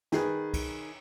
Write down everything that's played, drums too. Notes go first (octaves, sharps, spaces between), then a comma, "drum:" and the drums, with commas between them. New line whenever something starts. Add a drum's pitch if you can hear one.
D#3 G#4 B4, drum: snare
drum: kick, cymbal